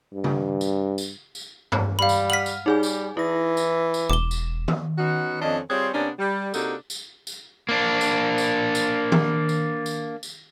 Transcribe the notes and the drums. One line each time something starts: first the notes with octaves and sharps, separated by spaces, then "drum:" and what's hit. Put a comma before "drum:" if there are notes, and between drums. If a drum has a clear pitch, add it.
G2
drum: tom C#3
drum: tambourine
drum: tambourine
drum: tambourine
drum: tom G2
G3 F5 B5
drum: tambourine
F#5 F6 B6 F#7
drum: tambourine
G3 D#4 G#4 G#5
drum: tambourine
E3 E4 A#6
drum: tambourine
drum: tambourine
E1 D6 E7 G7
drum: tambourine
drum: tom D#3
B3 C#4 D#4 F#4
F2 F3 C#4 D4 D#5
G3 C4 F4 G#4 C#5
C3 A#3 B3 C#4 D4
G3
C3 A#3 D4 D#4 F#4 A4, drum: tambourine
drum: tambourine
drum: tambourine
A#3 D4
drum: tambourine
drum: tambourine
drum: tambourine
drum: tom D#3
drum: tambourine
drum: tambourine
drum: tambourine